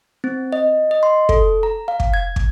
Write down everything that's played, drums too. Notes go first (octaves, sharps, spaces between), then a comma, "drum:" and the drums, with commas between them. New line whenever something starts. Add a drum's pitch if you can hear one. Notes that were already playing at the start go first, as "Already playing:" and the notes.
C4
D#5
D#5
C6
A4, drum: kick
A#5
F5
drum: kick
G#6
drum: kick